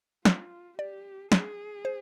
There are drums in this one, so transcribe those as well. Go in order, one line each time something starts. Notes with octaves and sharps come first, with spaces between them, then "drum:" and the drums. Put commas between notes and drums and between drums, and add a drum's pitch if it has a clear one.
F4, drum: snare
G4 D5
G#4, drum: snare
C5